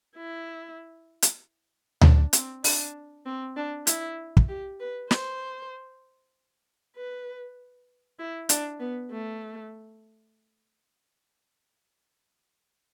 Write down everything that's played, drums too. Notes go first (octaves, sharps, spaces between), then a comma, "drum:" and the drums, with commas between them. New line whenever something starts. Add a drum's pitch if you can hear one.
E4
drum: hi-hat
D4, drum: tom D2
C4, drum: hi-hat
D4, drum: open hi-hat
C4
D4
E4, drum: hi-hat
drum: kick
G4
B4
C5, drum: snare
B4
E4
D4, drum: hi-hat
B3
A3